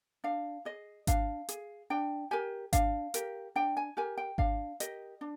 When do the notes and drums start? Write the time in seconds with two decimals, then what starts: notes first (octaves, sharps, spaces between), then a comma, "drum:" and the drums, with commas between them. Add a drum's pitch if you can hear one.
0.24 D4 F5
0.65 G#4 D#5
1.07 D4 F5, drum: kick G#1, hi-hat
1.49 G#4, drum: hi-hat
1.90 D4 G5
2.31 G4 A#4 G#5
2.73 D4 F5, drum: kick G#1, hi-hat
3.14 G4 A#4, drum: hi-hat
3.56 D4 G5
3.77 G#5
3.97 G4 A#4 G#5
4.17 G5
4.38 D4 F5, drum: kick G#1
4.80 G4 A#4 D#5, drum: hi-hat
5.21 D4